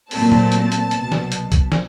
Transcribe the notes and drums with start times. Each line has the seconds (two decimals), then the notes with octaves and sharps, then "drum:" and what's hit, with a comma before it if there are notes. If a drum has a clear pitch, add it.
0.11 A#2 F#3 A3 C4 A5, drum: open hi-hat
0.32 drum: tom A#2
0.52 drum: hi-hat
0.72 drum: hi-hat
0.91 C2 B2 F#3 B3, drum: hi-hat
1.12 drum: snare
1.32 drum: hi-hat
1.52 drum: kick C2, hi-hat
1.72 drum: snare